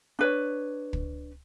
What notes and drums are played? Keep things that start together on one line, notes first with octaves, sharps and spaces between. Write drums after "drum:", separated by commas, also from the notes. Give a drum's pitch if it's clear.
D4 B4 C#5
drum: kick